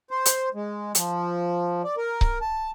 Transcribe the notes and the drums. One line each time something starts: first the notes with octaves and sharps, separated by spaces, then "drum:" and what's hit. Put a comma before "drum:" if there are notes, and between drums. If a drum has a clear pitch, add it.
C5
drum: hi-hat
G#3
F3, drum: hi-hat
D5
A#4
drum: kick C#1
A5